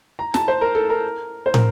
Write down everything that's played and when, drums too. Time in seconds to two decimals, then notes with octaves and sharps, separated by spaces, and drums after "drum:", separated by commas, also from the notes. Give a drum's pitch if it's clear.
0.19 A#5
0.34 A5, drum: snare
0.48 C5
0.61 A#4
0.75 A4
0.90 A#4
1.46 C5
1.54 A#4, drum: tom